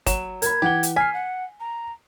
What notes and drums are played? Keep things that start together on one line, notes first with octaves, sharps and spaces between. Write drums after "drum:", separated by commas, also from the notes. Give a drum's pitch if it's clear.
F#3 E7, drum: kick, hi-hat
A#4 B5 G#6, drum: hi-hat
E3 G4 F#5 G7
drum: hi-hat
G#5 F6 B6 C7
F#5
A#5